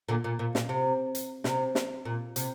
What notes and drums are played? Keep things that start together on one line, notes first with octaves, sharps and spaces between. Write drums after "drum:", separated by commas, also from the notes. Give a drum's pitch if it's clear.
A#2 D3
A#2
A#2
A#2, drum: snare
C3
drum: hi-hat
C3, drum: snare
drum: snare
A#2
C3, drum: hi-hat